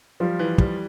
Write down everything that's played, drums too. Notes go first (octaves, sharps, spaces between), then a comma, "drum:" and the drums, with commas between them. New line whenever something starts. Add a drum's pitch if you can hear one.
F3 G3 F4
E3
G3, drum: kick